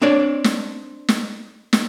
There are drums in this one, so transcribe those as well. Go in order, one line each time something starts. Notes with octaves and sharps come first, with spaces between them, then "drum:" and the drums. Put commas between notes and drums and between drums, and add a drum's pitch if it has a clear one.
C4 D4 C#5 D5
drum: snare
drum: snare
drum: snare